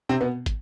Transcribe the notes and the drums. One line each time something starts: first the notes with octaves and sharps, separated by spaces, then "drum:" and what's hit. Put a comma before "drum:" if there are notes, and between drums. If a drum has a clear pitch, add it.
C3 C4
B2 B3
drum: kick, hi-hat